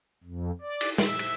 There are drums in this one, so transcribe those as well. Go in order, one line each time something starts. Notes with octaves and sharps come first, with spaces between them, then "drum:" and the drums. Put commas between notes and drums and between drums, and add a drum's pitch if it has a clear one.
F2
D5
drum: cymbal
E5, drum: snare
drum: cymbal